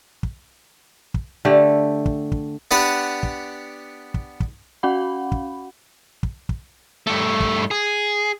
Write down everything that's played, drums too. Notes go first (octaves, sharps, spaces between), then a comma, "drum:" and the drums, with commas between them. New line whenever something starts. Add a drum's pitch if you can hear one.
drum: kick
drum: kick
D3 A3 G4
drum: kick
drum: kick
B3 D4 G4 B4 F#5
drum: kick
drum: kick
drum: kick
C#4 F#4 F5 F#5 B5
drum: kick
drum: kick
drum: kick
G2 A3
drum: kick
G#4